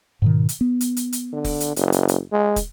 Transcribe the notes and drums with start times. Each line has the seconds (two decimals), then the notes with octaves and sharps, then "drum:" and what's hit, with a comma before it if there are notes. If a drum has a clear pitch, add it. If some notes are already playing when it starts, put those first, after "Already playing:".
0.22 G#2 B2 D#3
0.49 drum: hi-hat
0.61 B3
0.81 drum: hi-hat
0.97 drum: hi-hat
1.13 drum: hi-hat
1.33 D3
1.44 drum: kick, open hi-hat
1.60 drum: hi-hat
1.76 F#1, drum: hi-hat
1.92 drum: hi-hat
2.08 drum: hi-hat
2.32 G#3
2.56 drum: kick, hi-hat